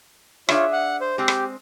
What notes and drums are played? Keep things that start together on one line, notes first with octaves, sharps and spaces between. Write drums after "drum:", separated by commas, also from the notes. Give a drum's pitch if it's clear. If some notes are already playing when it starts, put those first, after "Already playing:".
D4 F4 G#4 C#5 E5, drum: rim click
F#5
C5
G#3 C4 G4
drum: rim click